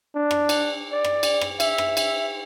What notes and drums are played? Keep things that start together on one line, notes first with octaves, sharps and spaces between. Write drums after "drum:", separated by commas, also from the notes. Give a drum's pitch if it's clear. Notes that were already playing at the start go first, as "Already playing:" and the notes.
D4
drum: rim click
drum: cymbal
D5
drum: rim click
drum: cymbal
drum: rim click
E5, drum: cymbal
drum: rim click
drum: cymbal